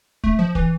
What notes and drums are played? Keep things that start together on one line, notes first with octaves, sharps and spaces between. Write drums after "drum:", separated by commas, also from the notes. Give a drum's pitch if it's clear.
A3, drum: kick
F3
E3, drum: kick